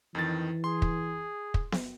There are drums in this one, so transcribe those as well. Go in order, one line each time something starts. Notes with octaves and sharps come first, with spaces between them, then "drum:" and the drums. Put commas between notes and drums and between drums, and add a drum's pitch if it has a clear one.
F2 D#3 E3 A6
G#4 C6
drum: kick
drum: kick
drum: snare B3